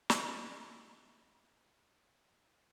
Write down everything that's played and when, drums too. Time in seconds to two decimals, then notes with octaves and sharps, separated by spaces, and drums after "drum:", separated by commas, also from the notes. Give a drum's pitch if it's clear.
0.10 D#4 E4 G#4, drum: snare